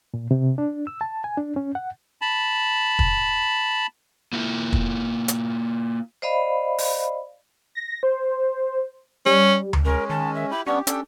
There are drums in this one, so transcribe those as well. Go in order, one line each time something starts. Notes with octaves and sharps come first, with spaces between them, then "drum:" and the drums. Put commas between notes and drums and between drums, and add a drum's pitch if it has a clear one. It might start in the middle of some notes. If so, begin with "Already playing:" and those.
A#2
C3
D4
E6
A5
G#5
D4
C#4
F#5
A5 B5
drum: kick
A#3 E4 F4
drum: kick
drum: hi-hat
C5 D5 D#5 F5 B5
drum: open hi-hat
A#6
C5
G3 C#4
drum: tom D2
G#3 C#4 A#4
D#3 A5
E5
E4 G4 B5
G3 B3 C#4 D4 G4 C#6
C#4 D4 A4 G5, drum: hi-hat